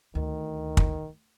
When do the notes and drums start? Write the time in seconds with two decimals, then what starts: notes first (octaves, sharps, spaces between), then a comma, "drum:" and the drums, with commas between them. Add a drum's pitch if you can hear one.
0.15 D2 D#3
0.77 drum: kick